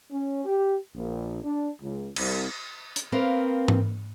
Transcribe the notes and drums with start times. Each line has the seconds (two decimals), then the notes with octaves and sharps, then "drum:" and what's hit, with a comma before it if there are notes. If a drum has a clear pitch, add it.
0.11 C#4
0.45 G4
0.95 A#1
1.44 D4
1.82 C#2
2.16 C2, drum: cymbal
2.96 drum: hi-hat
3.12 A#3 C4 A#4 B4 F5
3.68 drum: tom G#2